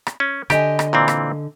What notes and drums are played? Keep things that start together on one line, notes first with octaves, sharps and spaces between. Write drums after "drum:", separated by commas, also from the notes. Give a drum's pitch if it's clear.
drum: rim click
C#4
D3 G4 D#5 G#5, drum: rim click
drum: rim click
A#2 E3 C4
drum: rim click